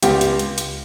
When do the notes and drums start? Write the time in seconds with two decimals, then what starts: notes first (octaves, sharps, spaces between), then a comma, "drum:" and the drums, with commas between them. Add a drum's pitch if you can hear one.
0.03 C#2 G4, drum: hi-hat
0.21 drum: hi-hat
0.39 drum: hi-hat
0.58 drum: hi-hat